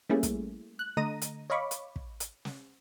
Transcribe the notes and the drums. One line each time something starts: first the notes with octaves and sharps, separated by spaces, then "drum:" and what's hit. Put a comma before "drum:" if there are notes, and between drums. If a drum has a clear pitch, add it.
G3 A3 A#3 C#4 E4 G#4
drum: kick, hi-hat
F#6
D3 A3 D#5 A#5 A#6 D#7
drum: hi-hat
C#5 D#5 F5 B5 C#6 D6
drum: hi-hat
drum: kick
drum: hi-hat
drum: snare